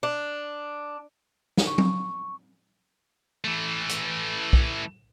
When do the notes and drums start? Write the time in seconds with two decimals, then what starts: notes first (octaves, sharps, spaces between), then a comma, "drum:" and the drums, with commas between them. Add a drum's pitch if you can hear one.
0.03 D4
1.57 drum: snare
1.67 C#6
1.78 drum: tom F#3
3.44 E3 A3
3.89 drum: hi-hat
4.53 drum: kick